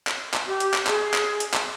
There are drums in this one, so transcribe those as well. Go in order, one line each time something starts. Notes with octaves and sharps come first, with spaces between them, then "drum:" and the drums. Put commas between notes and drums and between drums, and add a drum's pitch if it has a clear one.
drum: clap
drum: clap
G4
drum: hi-hat
drum: clap
G#4, drum: clap
drum: clap
drum: hi-hat
drum: clap